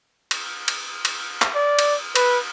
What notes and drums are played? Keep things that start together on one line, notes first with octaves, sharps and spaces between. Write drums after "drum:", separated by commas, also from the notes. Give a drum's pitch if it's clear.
drum: cymbal
drum: cymbal
drum: cymbal
drum: clap
D5
drum: cymbal
B4, drum: cymbal